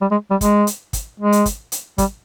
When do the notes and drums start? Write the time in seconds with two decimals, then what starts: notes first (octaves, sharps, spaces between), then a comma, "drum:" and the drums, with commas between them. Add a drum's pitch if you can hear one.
0.01 G3
0.11 G#3
0.31 G3
0.41 G#3, drum: kick, hi-hat
0.67 drum: hi-hat
0.93 drum: kick, hi-hat
1.20 G#3
1.32 drum: hi-hat
1.46 drum: kick, hi-hat
1.72 drum: hi-hat
1.98 G3, drum: kick, hi-hat